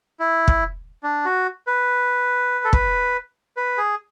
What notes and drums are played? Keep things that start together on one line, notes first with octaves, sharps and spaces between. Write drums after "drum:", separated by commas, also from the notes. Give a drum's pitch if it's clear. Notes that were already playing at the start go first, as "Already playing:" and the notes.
E4
drum: kick
D4
F#4
B4
A4
B4, drum: kick
B4
G#4